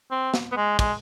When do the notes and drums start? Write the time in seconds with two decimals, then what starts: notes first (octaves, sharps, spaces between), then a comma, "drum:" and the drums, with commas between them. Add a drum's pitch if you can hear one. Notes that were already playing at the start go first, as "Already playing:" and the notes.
0.11 C4
0.34 drum: snare
0.52 B3
0.56 G#3
0.79 G#3, drum: kick, cymbal